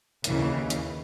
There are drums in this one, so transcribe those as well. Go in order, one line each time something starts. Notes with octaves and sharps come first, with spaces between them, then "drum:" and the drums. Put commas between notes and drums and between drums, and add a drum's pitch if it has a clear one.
D#2 C#3 E3, drum: hi-hat
drum: hi-hat